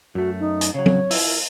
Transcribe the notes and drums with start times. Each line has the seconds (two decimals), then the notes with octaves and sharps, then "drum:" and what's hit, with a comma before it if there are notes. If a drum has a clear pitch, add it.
0.15 F#2 A3 F#4
0.40 D#4
0.61 drum: hi-hat
0.74 C#3 F#3 C#5
0.86 drum: tom
1.11 E4 F4, drum: open hi-hat
1.26 A#4